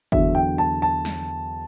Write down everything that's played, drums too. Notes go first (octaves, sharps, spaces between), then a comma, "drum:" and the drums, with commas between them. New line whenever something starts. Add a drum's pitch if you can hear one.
E2 D3 F#3 E5, drum: kick F#1
G5
A5
A5
drum: snare